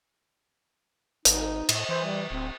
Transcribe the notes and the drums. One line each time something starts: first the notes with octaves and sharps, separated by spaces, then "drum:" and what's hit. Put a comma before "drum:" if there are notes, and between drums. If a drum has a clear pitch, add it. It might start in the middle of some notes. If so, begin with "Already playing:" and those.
G#1 D#4, drum: hi-hat
A2, drum: cymbal
E3 C5
G3
D1 C4